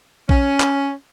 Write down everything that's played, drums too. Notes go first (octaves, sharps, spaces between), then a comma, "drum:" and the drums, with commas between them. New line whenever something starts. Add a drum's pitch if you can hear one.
C#4, drum: kick A#1
drum: clap